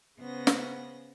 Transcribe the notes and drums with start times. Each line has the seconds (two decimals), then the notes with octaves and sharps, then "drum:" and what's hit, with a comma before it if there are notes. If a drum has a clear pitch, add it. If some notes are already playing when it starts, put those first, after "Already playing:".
0.20 C#3 B3 C#4 C5 A#6
0.47 drum: snare